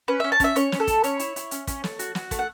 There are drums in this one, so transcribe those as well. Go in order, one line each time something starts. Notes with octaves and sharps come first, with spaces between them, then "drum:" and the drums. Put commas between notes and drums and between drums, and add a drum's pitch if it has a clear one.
C#4 B4
C#4 E5
A5
C#4 E5, drum: kick, hi-hat
C#4 C#5, drum: hi-hat
C#4, drum: snare
A4
A3, drum: kick, hi-hat
C#4 C#5, drum: hi-hat
E4, drum: hi-hat
E4, drum: hi-hat
C#4, drum: hi-hat
C#4, drum: kick, hi-hat
A3, drum: snare
F#4, drum: hi-hat
F#4, drum: snare
A3, drum: kick, hi-hat
F#5